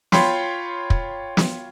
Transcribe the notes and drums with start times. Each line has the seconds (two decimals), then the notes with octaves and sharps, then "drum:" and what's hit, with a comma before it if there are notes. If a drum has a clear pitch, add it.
0.12 F4 C#5 G5 B5 C6, drum: snare
0.90 drum: kick
1.37 drum: snare